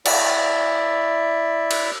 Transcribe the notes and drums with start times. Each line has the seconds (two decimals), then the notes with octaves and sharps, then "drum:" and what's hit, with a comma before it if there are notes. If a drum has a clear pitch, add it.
0.06 E4 D5 E5, drum: cymbal
1.71 drum: cymbal